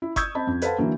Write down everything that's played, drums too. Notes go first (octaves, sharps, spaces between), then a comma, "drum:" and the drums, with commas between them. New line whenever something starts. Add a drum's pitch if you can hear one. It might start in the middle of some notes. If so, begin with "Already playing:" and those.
E4
C#6 D#6 E6 G6 G#6, drum: kick G1, hi-hat
C4 D#5 A5 B5
F2
A4 B4 C5 F5 F#5 A5, drum: hi-hat
D3 E3 F#3 A#3